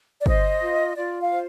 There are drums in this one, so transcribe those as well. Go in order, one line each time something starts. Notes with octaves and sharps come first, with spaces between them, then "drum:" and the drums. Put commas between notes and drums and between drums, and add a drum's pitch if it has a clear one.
D5
C5 D#5, drum: kick
F4
F4 D5
F5
C5